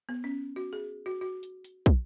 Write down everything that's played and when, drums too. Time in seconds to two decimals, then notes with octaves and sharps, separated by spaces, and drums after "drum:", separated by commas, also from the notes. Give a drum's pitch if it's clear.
0.09 B3
0.24 C#4
0.56 F#4
0.73 G#4
1.06 F#4
1.21 F#4
1.43 drum: hi-hat
1.64 drum: hi-hat
1.86 drum: kick, hi-hat